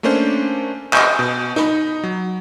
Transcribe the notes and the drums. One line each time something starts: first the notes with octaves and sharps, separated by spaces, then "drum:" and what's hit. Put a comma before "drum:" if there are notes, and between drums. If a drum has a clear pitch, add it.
A3 A#3 C#4 D4 C5
D#5 G#5 C#6 G6, drum: clap
B2
D#4 B5, drum: rim click
F#3